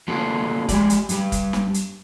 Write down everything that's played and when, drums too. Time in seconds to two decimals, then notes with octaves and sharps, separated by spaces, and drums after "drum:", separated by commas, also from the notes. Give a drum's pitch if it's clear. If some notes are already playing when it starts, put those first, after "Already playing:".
0.08 A#3 B3 D4 F4 F#4 A4
0.69 G#3 G4 D5, drum: kick F1, hi-hat
0.90 drum: hi-hat
1.09 G2 G3, drum: hi-hat
1.32 drum: kick F1, hi-hat
1.53 drum: snare
1.74 drum: hi-hat